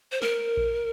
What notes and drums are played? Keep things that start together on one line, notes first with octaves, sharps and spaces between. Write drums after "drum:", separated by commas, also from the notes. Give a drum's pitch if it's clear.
C5
A#4, drum: snare
drum: kick A#1